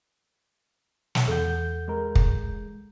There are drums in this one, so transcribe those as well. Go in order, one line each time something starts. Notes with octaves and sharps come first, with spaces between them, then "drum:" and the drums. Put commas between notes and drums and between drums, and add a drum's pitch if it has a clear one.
drum: snare
E2 A4 F#5 G6
G#3 A#4
drum: kick